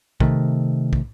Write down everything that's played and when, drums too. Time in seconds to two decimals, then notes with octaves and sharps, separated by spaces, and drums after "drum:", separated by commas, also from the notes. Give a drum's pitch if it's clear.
0.20 C3 D#3 A3, drum: kick
0.93 drum: kick